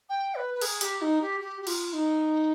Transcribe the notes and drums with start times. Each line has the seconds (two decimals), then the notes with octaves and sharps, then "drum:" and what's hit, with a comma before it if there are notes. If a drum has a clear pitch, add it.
0.09 G5
0.35 B4
0.54 B4
0.61 G#4, drum: cymbal
0.81 G4, drum: hi-hat
1.01 D#4
1.21 G4
1.40 G4
1.61 G4
1.67 F4, drum: cymbal
1.93 D#4